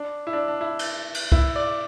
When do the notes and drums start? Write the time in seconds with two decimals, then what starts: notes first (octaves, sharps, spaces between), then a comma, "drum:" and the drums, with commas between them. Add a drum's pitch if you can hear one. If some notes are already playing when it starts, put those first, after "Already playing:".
Already playing: D4
0.27 E4
0.33 D4
0.48 D4
0.61 E4
0.79 drum: cymbal
1.14 drum: cymbal
1.32 E4, drum: kick C2
1.56 D5